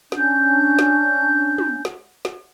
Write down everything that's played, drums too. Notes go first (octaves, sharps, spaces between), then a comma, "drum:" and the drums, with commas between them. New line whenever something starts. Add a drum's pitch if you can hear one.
C#4 D4 G6, drum: snare
drum: snare
drum: tom
drum: snare
drum: snare